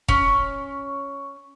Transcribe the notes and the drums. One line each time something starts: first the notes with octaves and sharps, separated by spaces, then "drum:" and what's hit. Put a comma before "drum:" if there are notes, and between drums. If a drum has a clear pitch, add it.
C#4, drum: kick